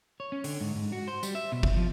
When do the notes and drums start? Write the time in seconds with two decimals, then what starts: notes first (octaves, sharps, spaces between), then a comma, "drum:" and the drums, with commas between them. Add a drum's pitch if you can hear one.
0.20 C#5
0.32 C#4
0.44 D3, drum: open hi-hat
0.61 G#2
0.76 G#2
0.92 F#4
1.07 C5
1.23 G3, drum: tambourine
1.35 E5
1.52 B2
1.63 drum: kick G1
1.77 F3